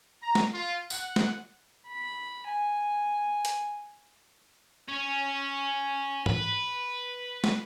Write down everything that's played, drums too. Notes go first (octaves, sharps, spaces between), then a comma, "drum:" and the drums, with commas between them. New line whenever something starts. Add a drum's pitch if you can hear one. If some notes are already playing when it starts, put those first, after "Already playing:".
A#5
drum: snare
F4
F#5, drum: tambourine
drum: snare
B5
G#5
drum: hi-hat
C#4
B4, drum: tom
drum: snare